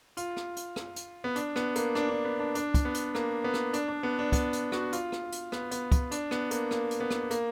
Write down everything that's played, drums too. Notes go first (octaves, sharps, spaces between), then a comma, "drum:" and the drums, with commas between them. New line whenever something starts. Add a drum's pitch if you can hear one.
F4, drum: hi-hat
drum: rim click
drum: hi-hat
drum: rim click
drum: hi-hat
B3
D4, drum: hi-hat
B3, drum: rim click
A#3, drum: hi-hat
D4, drum: rim click
D4
B3
D4
D4, drum: hi-hat
drum: kick, hi-hat
B3
drum: hi-hat
A#3, drum: rim click
B3
drum: rim click
D4, drum: hi-hat
D4
B3
D4
B3, drum: kick, hi-hat
drum: hi-hat
F#4, drum: rim click
F4, drum: hi-hat
drum: rim click
drum: hi-hat
B3, drum: rim click
B3, drum: hi-hat
drum: kick, hi-hat
D4, drum: hi-hat
B3, drum: rim click
A#3, drum: hi-hat
A#3, drum: rim click
drum: hi-hat
B3
drum: rim click
A#3, drum: hi-hat